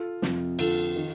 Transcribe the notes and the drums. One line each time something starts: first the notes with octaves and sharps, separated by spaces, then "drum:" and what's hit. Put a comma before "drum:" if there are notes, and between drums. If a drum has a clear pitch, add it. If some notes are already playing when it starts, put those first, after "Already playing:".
Already playing: F4 A4
F2 C3 F3, drum: snare
F2 D3 F3 F4 A4, drum: cymbal
D#3